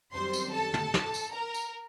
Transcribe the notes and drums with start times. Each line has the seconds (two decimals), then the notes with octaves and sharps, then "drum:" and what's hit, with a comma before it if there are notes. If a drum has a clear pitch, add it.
0.13 F#2 D#3 G3 C4 C5 C6
0.33 drum: tambourine
0.53 A4 A5
0.74 drum: tom
0.94 drum: snare
1.14 drum: tambourine
1.34 A#4 A#5
1.54 drum: tambourine